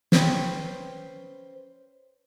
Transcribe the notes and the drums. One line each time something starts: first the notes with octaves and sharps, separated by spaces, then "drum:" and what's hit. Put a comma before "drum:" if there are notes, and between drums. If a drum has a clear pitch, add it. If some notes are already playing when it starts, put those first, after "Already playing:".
C#4 B4 C5 G5, drum: snare